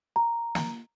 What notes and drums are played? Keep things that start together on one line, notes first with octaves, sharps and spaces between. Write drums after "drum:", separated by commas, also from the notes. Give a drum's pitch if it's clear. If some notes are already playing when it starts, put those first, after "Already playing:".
A#5
drum: snare